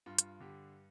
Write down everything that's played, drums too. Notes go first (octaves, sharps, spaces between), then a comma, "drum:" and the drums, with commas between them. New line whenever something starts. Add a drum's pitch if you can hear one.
G2 F4
drum: hi-hat
D3 G4